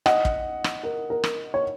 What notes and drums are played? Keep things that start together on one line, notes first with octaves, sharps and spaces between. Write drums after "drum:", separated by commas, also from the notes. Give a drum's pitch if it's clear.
D#5 F#5, drum: rim click
drum: kick
drum: rim click
A#4
A#4
drum: rim click
C#5